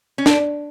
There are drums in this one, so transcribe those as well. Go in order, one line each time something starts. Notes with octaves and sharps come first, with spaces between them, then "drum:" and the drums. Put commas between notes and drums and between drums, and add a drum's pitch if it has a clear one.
C#4
D4, drum: snare